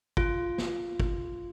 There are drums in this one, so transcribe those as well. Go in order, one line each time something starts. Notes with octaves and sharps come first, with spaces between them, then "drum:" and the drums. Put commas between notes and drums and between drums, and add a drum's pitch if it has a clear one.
F4, drum: kick
drum: snare
drum: kick